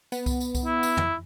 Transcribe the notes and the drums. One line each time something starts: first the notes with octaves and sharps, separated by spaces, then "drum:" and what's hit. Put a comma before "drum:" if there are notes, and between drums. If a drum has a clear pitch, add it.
B3, drum: tambourine
drum: kick C2, tambourine
drum: tambourine
drum: kick C2, tambourine
E4
drum: tambourine
drum: tom